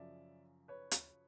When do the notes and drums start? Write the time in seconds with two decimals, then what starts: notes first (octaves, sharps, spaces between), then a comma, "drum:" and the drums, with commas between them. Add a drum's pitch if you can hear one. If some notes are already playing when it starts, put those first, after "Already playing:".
Already playing: F#2 C#3 F3 D5 E5
0.68 B4 C#5
0.91 drum: hi-hat